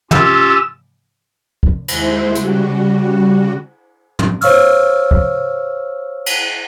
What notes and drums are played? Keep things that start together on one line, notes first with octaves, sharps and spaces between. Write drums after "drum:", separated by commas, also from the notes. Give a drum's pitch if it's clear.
C#4 F4 G4 E6, drum: tom
drum: kick
D#2 G#3 E4 C5, drum: cymbal
C#3 G3 F#4, drum: hi-hat
drum: tom
C5 C#5 F5 C#6 E6 F6, drum: open hi-hat
drum: kick
drum: cymbal